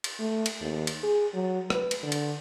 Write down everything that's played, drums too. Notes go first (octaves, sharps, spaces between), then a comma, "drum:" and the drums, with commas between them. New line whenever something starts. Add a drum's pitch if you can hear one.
drum: cymbal
A3
drum: cymbal
D#2
drum: cymbal
G#4
F#3
B4, drum: rim click
drum: cymbal
D3
drum: cymbal